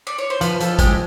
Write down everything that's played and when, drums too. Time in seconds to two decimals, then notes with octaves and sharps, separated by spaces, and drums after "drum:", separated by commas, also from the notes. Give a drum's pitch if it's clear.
0.07 D5
0.18 C#5
0.30 C5
0.41 F3 B4, drum: hi-hat
0.60 F3 A4, drum: hi-hat
0.79 G#3 G4, drum: kick, hi-hat